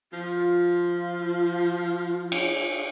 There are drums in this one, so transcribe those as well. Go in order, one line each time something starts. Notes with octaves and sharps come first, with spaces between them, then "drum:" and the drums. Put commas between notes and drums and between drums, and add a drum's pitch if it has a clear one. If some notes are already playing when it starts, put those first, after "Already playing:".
F3 F4
drum: cymbal